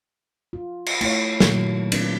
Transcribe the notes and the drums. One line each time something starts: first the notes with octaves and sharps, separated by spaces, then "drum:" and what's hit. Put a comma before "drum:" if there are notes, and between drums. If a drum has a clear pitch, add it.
F4
drum: cymbal
A3 E4 C#5, drum: cymbal
A#2 D#3 F#3 A#4, drum: snare
C4 D4 F4 B4 D5, drum: cymbal